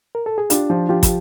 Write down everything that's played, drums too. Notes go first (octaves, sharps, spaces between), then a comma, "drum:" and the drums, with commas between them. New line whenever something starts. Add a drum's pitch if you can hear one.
A#4
A4
G#4
D4 F4 G4, drum: hi-hat
F3
F3 F4 G4
drum: kick, hi-hat